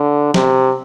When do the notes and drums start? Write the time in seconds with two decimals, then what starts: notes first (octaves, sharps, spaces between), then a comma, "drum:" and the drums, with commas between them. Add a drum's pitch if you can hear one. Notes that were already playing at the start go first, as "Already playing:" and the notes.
Already playing: D3
0.34 C3, drum: snare